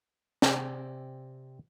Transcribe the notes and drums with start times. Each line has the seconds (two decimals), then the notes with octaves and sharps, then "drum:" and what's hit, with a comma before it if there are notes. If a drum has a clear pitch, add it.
0.42 C3 C4 D5 G#5, drum: snare